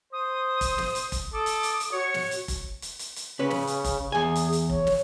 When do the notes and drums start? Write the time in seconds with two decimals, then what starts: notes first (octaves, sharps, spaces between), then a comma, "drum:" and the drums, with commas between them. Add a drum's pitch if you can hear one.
0.13 C5 D#6
0.61 drum: kick F1, hi-hat
0.78 drum: snare
0.95 drum: hi-hat
1.12 drum: kick F1, hi-hat
1.33 A4 D6 D#6
1.46 drum: hi-hat
1.63 drum: hi-hat
1.80 drum: hi-hat
1.92 F#4 C#5 C#7
2.14 drum: snare
2.31 drum: hi-hat
2.48 drum: kick F1, hi-hat
2.82 drum: hi-hat
2.99 drum: hi-hat
3.16 drum: hi-hat
3.39 C#3 C#4 B4
3.50 drum: snare
3.67 drum: hi-hat
3.84 drum: kick F1, hi-hat
4.12 E2 G#4 G#5
4.36 drum: hi-hat
4.53 drum: hi-hat
4.70 C#5, drum: kick F1
4.87 drum: snare